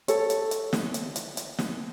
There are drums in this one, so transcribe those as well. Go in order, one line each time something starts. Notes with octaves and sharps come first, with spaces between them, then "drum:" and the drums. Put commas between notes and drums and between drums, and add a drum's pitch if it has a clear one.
A4 C#5, drum: hi-hat
drum: hi-hat
drum: hi-hat
drum: snare
drum: hi-hat
drum: hi-hat
drum: hi-hat
drum: snare